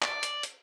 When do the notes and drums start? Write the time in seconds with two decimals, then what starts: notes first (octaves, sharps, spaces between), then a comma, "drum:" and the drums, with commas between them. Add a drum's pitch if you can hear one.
0.02 D5, drum: clap
0.23 drum: hi-hat
0.43 drum: hi-hat